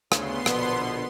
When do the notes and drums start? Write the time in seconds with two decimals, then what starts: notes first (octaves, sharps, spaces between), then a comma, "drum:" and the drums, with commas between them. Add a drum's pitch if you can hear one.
0.12 D2 C#3 B3 C6, drum: rim click
0.46 A#1 B2 D3, drum: rim click